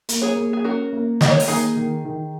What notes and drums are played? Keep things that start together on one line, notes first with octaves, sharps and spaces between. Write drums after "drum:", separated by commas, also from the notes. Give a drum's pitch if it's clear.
A#3, drum: hi-hat
G#4 C#5
A#3
G#4
C#4 F#4 A#4
A#3
D#3 D#5, drum: snare
C#5
A#4, drum: open hi-hat
A#3 D#4 G#4
D#3
D#3